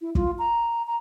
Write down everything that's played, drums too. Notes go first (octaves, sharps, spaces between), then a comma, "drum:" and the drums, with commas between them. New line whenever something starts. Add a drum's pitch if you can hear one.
E4
F4, drum: kick
A#5
A#5